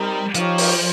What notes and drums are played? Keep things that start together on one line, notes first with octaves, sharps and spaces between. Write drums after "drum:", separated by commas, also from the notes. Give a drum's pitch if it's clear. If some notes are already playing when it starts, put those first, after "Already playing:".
Already playing: G3 C4 D#4 A#4
F3 D#4 G4 C#5 F5, drum: hi-hat
drum: open hi-hat